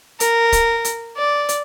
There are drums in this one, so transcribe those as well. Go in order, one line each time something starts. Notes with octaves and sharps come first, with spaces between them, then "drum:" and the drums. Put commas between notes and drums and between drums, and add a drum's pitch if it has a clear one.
A#4, drum: hi-hat
drum: kick, hi-hat
drum: hi-hat
D5
drum: hi-hat